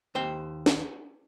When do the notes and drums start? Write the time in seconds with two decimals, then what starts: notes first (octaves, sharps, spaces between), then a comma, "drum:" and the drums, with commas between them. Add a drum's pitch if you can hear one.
0.15 D#2 C5 G5
0.66 drum: snare